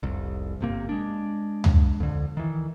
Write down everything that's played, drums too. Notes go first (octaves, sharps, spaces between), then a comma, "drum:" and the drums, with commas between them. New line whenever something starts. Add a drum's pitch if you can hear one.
F1 C2
G1 C3 A#3
G#3 D4
drum: tom
F2 D3
D#3 E3